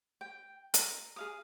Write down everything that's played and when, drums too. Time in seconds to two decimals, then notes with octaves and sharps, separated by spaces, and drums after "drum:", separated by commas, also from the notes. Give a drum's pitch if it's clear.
0.21 G5
0.74 A#5, drum: hi-hat
1.16 G#4 F5 D#6